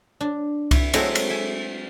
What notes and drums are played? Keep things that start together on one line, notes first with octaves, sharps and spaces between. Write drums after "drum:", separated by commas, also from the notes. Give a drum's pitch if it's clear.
D4
E4, drum: kick C2, cymbal
F#3 G#3 A3 C4 E4 F#4, drum: cymbal
drum: cymbal
E5 G#5